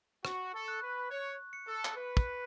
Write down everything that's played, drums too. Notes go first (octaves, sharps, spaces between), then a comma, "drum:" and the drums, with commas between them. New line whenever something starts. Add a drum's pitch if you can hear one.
F#4 C#6, drum: rim click
A4
F#6
B4
C#5 C#6
C#7
A4
drum: clap
B4 C#7
drum: kick